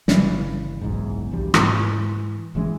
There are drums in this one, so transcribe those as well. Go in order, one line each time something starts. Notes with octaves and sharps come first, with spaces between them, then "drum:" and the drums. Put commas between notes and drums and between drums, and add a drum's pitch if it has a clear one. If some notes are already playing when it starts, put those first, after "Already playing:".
G1 C#3 E3, drum: snare
F#1 B1 E2 G#2
B1 E2 G2 G3
G#2 E3, drum: rim click
F#1 E3 G#3 C#4